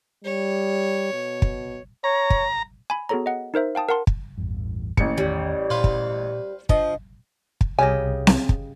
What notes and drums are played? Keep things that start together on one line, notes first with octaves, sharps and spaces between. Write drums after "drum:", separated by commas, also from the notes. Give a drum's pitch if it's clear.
G3 C#5
B2
drum: kick
C#5 A#5
drum: kick
G#5 B5
B3 F#4 G#4 A4 C#5 A#5
D#5 F#5
D#4 A#4 C5 E5
F5 G5 A5 D#6
A#4 F#5 A5 C6
drum: kick
A1 E2 G2
A1 A#3 C#4 C#7, drum: kick
E2 D#3 G3
A#2 B4 C5 F5
drum: kick
F3 D4 D#5, drum: kick
drum: kick
C2 C#3 G4 D#5 G#5
drum: snare C4
drum: kick